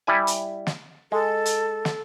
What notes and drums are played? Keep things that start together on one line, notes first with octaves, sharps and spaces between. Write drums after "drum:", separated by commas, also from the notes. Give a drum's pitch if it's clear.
G3 E4 G#5
drum: hi-hat
drum: snare
G#3 A4
drum: hi-hat
drum: snare